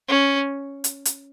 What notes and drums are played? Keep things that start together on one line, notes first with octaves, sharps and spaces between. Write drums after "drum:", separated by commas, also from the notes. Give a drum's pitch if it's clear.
C#4
drum: hi-hat
drum: hi-hat